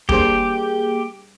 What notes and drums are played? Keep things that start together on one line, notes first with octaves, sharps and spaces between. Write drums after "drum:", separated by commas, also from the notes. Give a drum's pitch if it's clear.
G3 A#3 D4 G4 G#4 C5, drum: kick